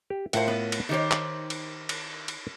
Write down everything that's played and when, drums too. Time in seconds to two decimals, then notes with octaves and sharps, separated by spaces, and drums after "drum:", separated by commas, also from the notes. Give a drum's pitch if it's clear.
0.10 G4
0.33 A2 F4 A#4 C5 F#5, drum: cymbal
0.47 B3
0.72 drum: cymbal
0.89 D#3 D#4 G4 C5 C#5
1.11 drum: clap
1.50 drum: cymbal
1.89 drum: cymbal
2.28 drum: cymbal